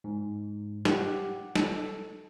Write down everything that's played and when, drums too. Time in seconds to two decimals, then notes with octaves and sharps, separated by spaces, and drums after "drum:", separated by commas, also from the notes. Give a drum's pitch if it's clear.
0.04 G#2
0.85 G4 F#5, drum: snare
1.55 A4, drum: snare